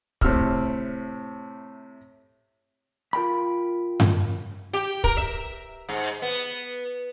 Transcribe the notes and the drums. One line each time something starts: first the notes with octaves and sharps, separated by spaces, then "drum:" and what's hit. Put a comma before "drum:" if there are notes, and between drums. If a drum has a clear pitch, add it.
A2 C3 E6 F6, drum: kick
F4 A#4 G5 B5
drum: tom G2
G4
A#4, drum: kick
E5
G#2
B3